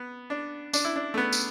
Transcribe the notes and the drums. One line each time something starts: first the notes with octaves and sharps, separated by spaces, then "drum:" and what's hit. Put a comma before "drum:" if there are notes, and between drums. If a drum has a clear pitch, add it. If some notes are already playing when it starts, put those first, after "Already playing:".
Already playing: B3
D4
D4, drum: tambourine
E4
D4
A3
B3
drum: tambourine